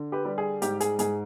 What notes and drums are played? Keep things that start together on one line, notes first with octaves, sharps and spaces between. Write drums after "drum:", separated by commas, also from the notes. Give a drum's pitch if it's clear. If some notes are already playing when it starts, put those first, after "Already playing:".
Already playing: D3
G4 B4
G3
G#4
G#2 G4, drum: hi-hat
G#4, drum: hi-hat
G#2 G#4, drum: hi-hat